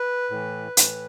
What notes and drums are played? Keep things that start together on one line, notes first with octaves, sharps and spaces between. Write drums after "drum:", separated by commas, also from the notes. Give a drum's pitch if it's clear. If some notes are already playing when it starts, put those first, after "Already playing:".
Already playing: B4
A2 E3
A2 E3, drum: hi-hat